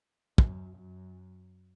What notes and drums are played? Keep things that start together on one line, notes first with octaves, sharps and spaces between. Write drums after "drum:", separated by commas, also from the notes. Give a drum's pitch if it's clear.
F#2, drum: kick
F#2